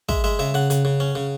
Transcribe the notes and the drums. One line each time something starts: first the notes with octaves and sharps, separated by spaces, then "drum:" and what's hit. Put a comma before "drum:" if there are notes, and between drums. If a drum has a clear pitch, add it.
G#3 E5, drum: kick
G#3 E5
C#3 E5
C#3 F#5
C#3, drum: hi-hat
C#3
C#4
C#3